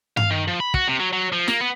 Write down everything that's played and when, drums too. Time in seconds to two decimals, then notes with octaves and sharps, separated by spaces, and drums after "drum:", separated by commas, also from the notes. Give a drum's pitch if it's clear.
0.17 F5, drum: tom G2
0.30 D#3
0.48 F3
0.60 B5
0.74 F#4, drum: kick
0.88 C3
1.00 F#3
1.13 F#3
1.32 F3
1.48 A#3, drum: snare
1.61 B3